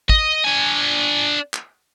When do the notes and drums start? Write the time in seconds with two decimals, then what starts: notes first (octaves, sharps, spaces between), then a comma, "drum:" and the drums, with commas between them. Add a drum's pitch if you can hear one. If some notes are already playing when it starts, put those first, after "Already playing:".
0.09 D#5, drum: kick
0.44 D4 G#5
1.54 drum: clap